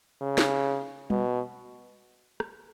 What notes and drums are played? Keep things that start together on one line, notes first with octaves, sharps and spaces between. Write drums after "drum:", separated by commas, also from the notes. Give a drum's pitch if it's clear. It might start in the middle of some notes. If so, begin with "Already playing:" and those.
C#3
drum: snare
B2, drum: tom G3
drum: rim click